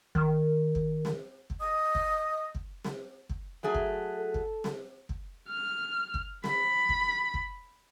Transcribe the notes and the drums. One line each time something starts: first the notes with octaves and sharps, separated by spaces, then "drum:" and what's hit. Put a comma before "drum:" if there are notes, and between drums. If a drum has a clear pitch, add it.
D#3, drum: kick
drum: kick
drum: snare C4
drum: kick
D#5 D#6
drum: kick
drum: kick
drum: snare C4
drum: kick
F#3 A3 G#4
drum: kick
A4
drum: kick
drum: snare C4
drum: kick
F6
drum: kick
B5, drum: snare C4
drum: kick
drum: kick